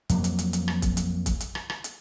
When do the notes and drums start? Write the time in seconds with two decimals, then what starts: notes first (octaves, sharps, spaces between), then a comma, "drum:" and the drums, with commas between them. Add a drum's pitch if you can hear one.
0.09 F2 F#3 A#3, drum: hi-hat
0.24 drum: hi-hat
0.39 drum: hi-hat
0.53 drum: hi-hat
0.68 drum: rim click
0.82 drum: kick, hi-hat
0.97 drum: hi-hat
1.26 drum: kick, hi-hat
1.40 drum: hi-hat
1.55 drum: rim click
1.70 drum: rim click
1.84 drum: hi-hat